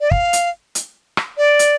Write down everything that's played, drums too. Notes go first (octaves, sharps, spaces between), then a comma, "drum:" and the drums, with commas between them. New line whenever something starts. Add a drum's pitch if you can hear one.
D5
F5, drum: kick
drum: hi-hat
drum: hi-hat
drum: rim click
D5
drum: hi-hat